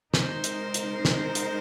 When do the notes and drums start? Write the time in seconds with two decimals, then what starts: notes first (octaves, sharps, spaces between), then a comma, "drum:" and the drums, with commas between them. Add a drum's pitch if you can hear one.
0.14 C3 G#3 D#4 A#4 C5, drum: snare
0.44 drum: hi-hat
0.74 drum: hi-hat
1.05 drum: snare
1.35 drum: hi-hat